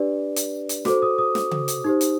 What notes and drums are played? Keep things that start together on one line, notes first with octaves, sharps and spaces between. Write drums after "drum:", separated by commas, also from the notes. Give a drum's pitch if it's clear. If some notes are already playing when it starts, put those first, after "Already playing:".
Already playing: D4 G4 B4 D5
drum: hi-hat
drum: hi-hat
F#4 A4 C5 D6, drum: snare
D#6
D#6
drum: snare
drum: tom C#3
drum: hi-hat
D#4 G4 C5
drum: hi-hat